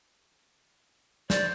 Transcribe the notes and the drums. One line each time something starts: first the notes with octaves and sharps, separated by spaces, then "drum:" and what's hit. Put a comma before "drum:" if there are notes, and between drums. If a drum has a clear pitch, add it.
C5 D5, drum: snare